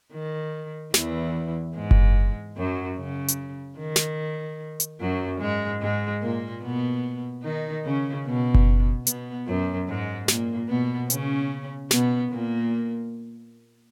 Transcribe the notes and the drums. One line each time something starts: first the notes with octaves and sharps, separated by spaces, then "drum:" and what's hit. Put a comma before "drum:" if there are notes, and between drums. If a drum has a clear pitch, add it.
D#3
E2 E3, drum: snare
G#2 G#3
drum: kick F#1
F#2 F#3
C#3
drum: hi-hat
D#3
drum: snare
drum: hi-hat
F#2 F#3
G#2 G#3
G#2 G#3
A#2 A#3
B2 B3
D#3 D#4
C#3 C#4
B2 B3
drum: kick F#1
B2 B3, drum: hi-hat
F#2 F#3
G#2 G#3
A#2 A#3, drum: snare
B2 B3
C#3 C#4, drum: hi-hat
B2 B3, drum: snare
A#2 A#3